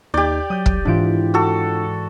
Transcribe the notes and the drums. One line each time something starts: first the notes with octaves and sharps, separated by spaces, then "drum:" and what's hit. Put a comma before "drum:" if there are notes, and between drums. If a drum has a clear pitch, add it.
D#2 D#4 G4 D5 G6 A6
F#3 D#6 G6
drum: kick
G#2 E3 D4 F4 D7
F#4 A4